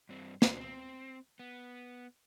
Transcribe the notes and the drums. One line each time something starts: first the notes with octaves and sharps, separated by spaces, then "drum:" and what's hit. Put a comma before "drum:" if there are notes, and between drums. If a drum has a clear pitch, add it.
G2 C4
D4 C5, drum: snare
C4
B3